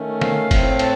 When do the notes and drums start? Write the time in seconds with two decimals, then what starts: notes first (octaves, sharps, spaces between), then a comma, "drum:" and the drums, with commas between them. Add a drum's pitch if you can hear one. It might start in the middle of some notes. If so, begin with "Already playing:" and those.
Already playing: D#3 A3 C#4
0.22 F5, drum: snare
0.51 A2 A3 C4, drum: kick F1, cymbal
0.79 A5, drum: cymbal